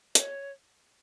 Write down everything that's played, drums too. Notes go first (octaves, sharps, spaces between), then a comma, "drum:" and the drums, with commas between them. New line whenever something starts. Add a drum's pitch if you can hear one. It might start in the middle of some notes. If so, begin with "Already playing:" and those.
C#5, drum: hi-hat